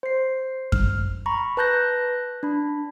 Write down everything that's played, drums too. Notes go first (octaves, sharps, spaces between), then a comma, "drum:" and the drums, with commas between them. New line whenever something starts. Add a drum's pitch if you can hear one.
C5 C7
F6, drum: kick F#2
A#5 B5 C#6
B4 A5 F#6 G6 A#6
D4 B5